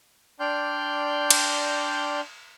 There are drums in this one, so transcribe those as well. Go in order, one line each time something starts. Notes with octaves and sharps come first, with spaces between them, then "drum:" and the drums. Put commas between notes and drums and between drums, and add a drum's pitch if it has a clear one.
D4 D5 G5 C6 F6 G6
drum: cymbal